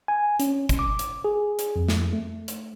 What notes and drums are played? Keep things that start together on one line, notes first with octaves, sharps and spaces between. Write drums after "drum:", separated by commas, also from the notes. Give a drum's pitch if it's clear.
G#5
C#4, drum: hi-hat
drum: kick G1, hi-hat
D6
drum: hi-hat
G#4
drum: hi-hat
F2
drum: snare
A3
drum: hi-hat